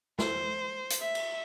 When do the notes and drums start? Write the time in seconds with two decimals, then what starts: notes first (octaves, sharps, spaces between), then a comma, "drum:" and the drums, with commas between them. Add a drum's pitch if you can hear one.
0.19 C5, drum: snare
0.90 drum: hi-hat
1.01 E5
1.15 drum: cymbal